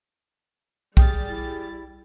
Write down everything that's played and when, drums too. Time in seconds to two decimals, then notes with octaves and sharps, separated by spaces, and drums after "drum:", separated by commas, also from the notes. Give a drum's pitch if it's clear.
0.97 G3 G#4 G5 D#6 F6 A6, drum: kick
1.28 E4